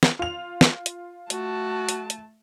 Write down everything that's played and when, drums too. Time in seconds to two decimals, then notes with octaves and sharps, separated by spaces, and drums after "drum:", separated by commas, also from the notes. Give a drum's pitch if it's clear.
0.03 drum: snare
0.19 F4 F7
0.61 drum: snare
0.86 drum: hi-hat
1.30 A3 F#4 A5, drum: hi-hat
1.89 drum: hi-hat
2.10 drum: hi-hat